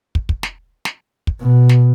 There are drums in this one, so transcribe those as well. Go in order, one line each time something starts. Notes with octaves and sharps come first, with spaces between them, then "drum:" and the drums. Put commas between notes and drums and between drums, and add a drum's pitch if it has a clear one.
drum: kick
drum: kick
drum: snare
drum: snare
drum: kick
B2
drum: snare